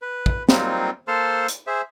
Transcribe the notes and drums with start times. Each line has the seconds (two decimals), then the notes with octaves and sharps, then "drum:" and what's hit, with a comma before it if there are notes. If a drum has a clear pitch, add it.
0.02 B4
0.26 drum: kick
0.49 F#3 G3 A#3 C4 D#4 F4, drum: snare
1.08 A#3 A4 C5 A5 C6 F6
1.48 drum: hi-hat
1.67 G#4 C5 E5